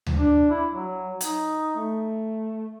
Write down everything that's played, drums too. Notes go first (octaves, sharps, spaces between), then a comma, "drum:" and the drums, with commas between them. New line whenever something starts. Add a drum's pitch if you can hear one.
drum: tom D2
D4
E4
F#3
D#4, drum: hi-hat
A3